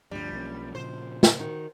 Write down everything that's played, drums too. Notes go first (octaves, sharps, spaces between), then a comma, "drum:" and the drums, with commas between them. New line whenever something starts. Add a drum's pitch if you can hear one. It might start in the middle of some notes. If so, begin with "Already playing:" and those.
D2 G2 F3 G3 D4
B1 A#3 C#4
A#2 C#3 C5
drum: snare
D#3 F#4